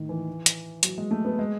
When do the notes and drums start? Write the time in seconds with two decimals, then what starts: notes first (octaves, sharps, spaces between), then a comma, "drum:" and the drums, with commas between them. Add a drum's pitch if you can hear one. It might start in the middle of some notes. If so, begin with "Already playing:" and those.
Already playing: A2 D#3
0.09 E3
0.46 drum: hi-hat
0.83 F#3, drum: hi-hat
0.98 G#3
1.11 A3
1.25 B3
1.39 G#3